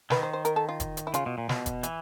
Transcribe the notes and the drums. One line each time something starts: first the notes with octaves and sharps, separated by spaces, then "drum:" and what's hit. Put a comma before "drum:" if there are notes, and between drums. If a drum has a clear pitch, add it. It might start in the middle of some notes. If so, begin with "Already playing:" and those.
D#3 B4, drum: snare
C5
C5
A#4, drum: hi-hat
A4
F4
drum: kick F1, hi-hat
drum: hi-hat
E4
C#3 F4, drum: hi-hat
B2
A#2
B2, drum: snare
drum: kick F1, hi-hat
E3, drum: hi-hat